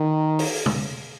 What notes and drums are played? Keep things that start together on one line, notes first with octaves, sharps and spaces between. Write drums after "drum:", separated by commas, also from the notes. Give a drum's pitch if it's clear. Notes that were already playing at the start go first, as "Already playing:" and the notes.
Already playing: D#3
drum: open hi-hat
drum: tom